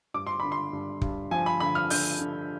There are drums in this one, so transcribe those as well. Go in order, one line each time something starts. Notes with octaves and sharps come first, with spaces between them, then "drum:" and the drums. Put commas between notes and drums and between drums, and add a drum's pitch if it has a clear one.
G2 D6
C6
D3 B5
C6
G2
G2, drum: kick
F3 G#5
B5
D3 B5
F6
D3 G6, drum: open hi-hat
D3